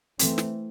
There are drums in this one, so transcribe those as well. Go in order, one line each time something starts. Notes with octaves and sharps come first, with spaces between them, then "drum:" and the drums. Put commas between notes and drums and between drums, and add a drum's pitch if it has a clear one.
E3 A3 C4, drum: hi-hat
drum: snare